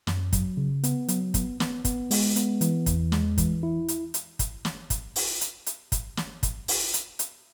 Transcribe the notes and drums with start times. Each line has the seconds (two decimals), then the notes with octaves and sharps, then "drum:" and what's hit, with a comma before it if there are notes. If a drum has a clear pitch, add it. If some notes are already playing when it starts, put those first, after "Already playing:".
0.07 F#2, drum: snare
0.33 F#3, drum: kick, hi-hat
0.57 C#3
0.84 B3, drum: hi-hat
1.08 F#3, drum: hi-hat
1.34 B3, drum: kick, hi-hat
1.60 B3, drum: snare
1.85 B3, drum: kick, hi-hat
2.11 G#3, drum: open hi-hat
2.36 B3, drum: hi-hat
2.61 E3, drum: hi-hat
2.86 E2, drum: kick, hi-hat
3.12 G#3, drum: snare
3.38 E3, drum: kick, hi-hat
3.63 E4
3.88 drum: hi-hat
4.14 drum: hi-hat
4.39 drum: kick, hi-hat
4.65 drum: snare
4.90 drum: kick, hi-hat
5.16 drum: open hi-hat
5.41 drum: hi-hat
5.66 drum: hi-hat
5.92 drum: kick, hi-hat
6.17 drum: snare
6.43 drum: kick, hi-hat
6.68 drum: open hi-hat
6.94 drum: hi-hat
7.19 drum: hi-hat